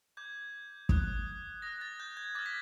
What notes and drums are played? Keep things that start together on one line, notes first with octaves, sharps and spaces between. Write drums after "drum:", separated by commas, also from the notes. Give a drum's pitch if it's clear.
D6 G6 G#6
D#6 F#6, drum: kick
D#6 F#6 A#6
A6
G6
G#6
D6 F6 A6
B6